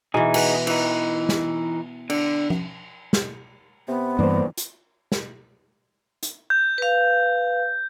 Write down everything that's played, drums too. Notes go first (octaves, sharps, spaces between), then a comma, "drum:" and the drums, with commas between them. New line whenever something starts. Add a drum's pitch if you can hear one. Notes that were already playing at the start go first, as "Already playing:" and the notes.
B2 E3 D#4 G#4
B4 F#5, drum: cymbal
E3 D#4, drum: cymbal
drum: snare
D3, drum: cymbal
drum: tom F3
drum: snare
C3 B3
G2 E3 A#3 D4 B4 C5
drum: hi-hat
drum: snare
drum: hi-hat
G6
B4 F5